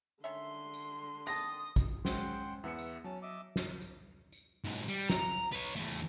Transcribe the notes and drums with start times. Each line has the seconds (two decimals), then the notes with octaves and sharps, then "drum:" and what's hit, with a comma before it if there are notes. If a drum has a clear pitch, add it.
0.24 D3 D#3 C#4 E5 C6
0.74 drum: tambourine
1.27 D#3 C4 A5 D#6 A#6, drum: tambourine
1.76 drum: kick, tambourine
2.05 G#3 C#4 C5 F#5 G5 C6, drum: snare
2.64 E2 B3 E5 F#5 C#7
2.79 drum: tambourine
3.04 F#3 C#4 A5
3.22 D#5 E5 D6
3.56 drum: snare
3.81 drum: tambourine
4.33 drum: tambourine
4.64 B1 G#2
4.88 G3
5.10 A#5, drum: snare
5.52 B4 C#5
5.76 E2 A3